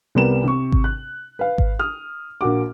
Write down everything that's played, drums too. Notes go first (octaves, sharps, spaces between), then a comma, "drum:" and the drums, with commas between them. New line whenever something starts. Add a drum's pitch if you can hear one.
C2 G3 B3 A#4 E7
C3 C#6
drum: kick G#1
F#6
B4 F5
drum: kick G#1
D#6 F6
A#1 A#3 F#4 D6